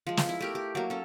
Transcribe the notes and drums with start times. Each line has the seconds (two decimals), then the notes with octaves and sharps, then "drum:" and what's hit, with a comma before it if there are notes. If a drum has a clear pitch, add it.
0.07 F3 G#3
0.17 drum: snare
0.29 E4
0.41 A3 G4 A#4
0.55 G4
0.75 F#3 A#3
0.90 C#4 A4